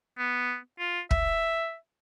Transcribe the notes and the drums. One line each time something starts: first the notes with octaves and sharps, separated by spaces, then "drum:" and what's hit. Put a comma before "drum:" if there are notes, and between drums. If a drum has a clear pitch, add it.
B3
F4
E5, drum: kick